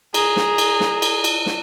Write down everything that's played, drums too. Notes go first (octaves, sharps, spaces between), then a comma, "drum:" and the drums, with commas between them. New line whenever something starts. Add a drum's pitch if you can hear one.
G#4 A#5, drum: cymbal
drum: snare
drum: cymbal
drum: snare
drum: cymbal
drum: cymbal
drum: snare